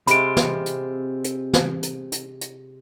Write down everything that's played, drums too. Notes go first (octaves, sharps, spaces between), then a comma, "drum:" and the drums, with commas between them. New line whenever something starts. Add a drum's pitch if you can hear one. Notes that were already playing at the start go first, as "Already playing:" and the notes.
C3 G#3 C4 F4 B5 D7, drum: hi-hat
drum: snare
drum: hi-hat
drum: hi-hat
drum: snare
drum: hi-hat
drum: hi-hat
drum: hi-hat